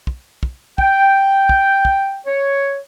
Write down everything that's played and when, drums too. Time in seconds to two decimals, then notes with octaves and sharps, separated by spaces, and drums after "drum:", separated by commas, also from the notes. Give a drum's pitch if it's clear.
0.07 drum: kick
0.43 drum: kick
0.78 G5, drum: kick
1.49 drum: kick
1.85 drum: kick
2.26 C#5